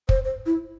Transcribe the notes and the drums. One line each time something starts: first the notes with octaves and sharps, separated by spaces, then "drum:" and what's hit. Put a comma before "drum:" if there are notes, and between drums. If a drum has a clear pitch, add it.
C5, drum: kick
C5
E4